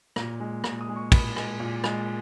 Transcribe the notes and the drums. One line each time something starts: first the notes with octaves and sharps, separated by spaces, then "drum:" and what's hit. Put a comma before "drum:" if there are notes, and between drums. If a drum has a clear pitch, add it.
A#2, drum: rim click
G#3
A#2, drum: rim click
D#6
G#3
C#6
A#2 B5, drum: kick, cymbal
G#3, drum: rim click
A#2
G#3, drum: rim click